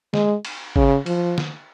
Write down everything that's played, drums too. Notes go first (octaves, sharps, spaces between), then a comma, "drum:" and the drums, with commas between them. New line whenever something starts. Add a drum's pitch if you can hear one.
G#3, drum: snare
drum: cymbal
C#3, drum: kick
F3, drum: cymbal
drum: snare